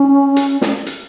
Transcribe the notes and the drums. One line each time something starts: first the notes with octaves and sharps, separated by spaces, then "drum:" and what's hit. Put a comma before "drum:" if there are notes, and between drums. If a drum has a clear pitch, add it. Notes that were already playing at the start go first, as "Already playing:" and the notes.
Already playing: C#4
drum: hi-hat
drum: snare
drum: hi-hat